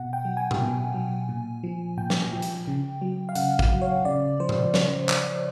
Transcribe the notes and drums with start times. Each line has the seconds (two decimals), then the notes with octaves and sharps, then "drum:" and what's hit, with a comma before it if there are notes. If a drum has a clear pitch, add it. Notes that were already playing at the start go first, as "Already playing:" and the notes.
Already playing: B2 F#5
0.13 G5
0.25 F#3
0.37 G#5
0.51 drum: tom A#2
0.60 B2
0.94 F#3
1.29 A#2
1.64 F3
1.97 A#2 G5
2.10 drum: snare
2.32 F3
2.42 drum: hi-hat
2.68 C#3
3.02 F#3
3.29 F5
3.35 C#3 F#5, drum: hi-hat
3.59 F5, drum: kick
3.71 F#3
3.82 C#5
4.05 C#3 D5
4.40 F3 C5
4.49 drum: tom A#2
4.74 C#3 C#5, drum: snare
5.09 F3, drum: clap